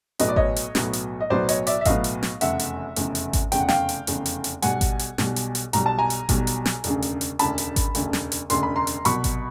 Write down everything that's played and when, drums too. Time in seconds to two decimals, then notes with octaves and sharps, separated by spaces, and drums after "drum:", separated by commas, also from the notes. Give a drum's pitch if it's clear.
0.19 B1 A2 F#3 B3 D#5, drum: hi-hat
0.29 D5
0.36 C#5 D#5, drum: kick G#1
0.56 drum: hi-hat
0.75 B1 A2 F#3 B3, drum: snare
0.93 drum: hi-hat
1.20 D#5
1.30 B1 A2 F#3 B3 C5 D5
1.49 C#5 D#5, drum: hi-hat
1.67 D5 E5, drum: hi-hat
1.81 E5
1.85 B1 A2 F#3 B3 D#5 F5, drum: kick G#1, hi-hat
2.04 drum: hi-hat
2.23 drum: snare
2.41 F1 E2 C#3 E5 F#5, drum: hi-hat
2.59 drum: hi-hat
2.96 F1 E2 C#3, drum: hi-hat
3.15 drum: hi-hat
3.33 drum: kick G#1, hi-hat
3.52 F1 E2 C#3 G5, drum: hi-hat
3.60 F#5
3.68 F5 G5, drum: snare
3.89 drum: hi-hat
4.07 F1 E2 C#3, drum: hi-hat
4.26 drum: hi-hat
4.44 drum: hi-hat
4.62 B1 B2 G3 F#5 G#5, drum: hi-hat
4.81 drum: kick G#1, hi-hat
4.99 drum: hi-hat
5.18 B1 B2 G3, drum: snare
5.36 drum: hi-hat
5.55 drum: hi-hat
5.73 B1 B2 G3 A#5, drum: hi-hat
5.86 A5
5.98 G#5 A#5
6.10 drum: hi-hat
6.29 B1 B2 G3, drum: kick G#1, hi-hat
6.47 drum: hi-hat
6.66 drum: snare
6.84 E1 D2 C#3, drum: hi-hat
7.02 drum: hi-hat
7.21 drum: hi-hat
7.39 E1 D2 C#3 A5 B5, drum: hi-hat
7.58 drum: hi-hat
7.76 drum: kick G#1, hi-hat
7.95 E1 D2 C#3, drum: hi-hat
8.13 drum: snare
8.32 drum: hi-hat
8.50 E1 D2 C#3 C6, drum: hi-hat
8.63 B5
8.76 A#5 C6
8.87 drum: hi-hat
9.05 C2 B2 F#3 B5 C#6, drum: hi-hat
9.24 drum: kick G#1, hi-hat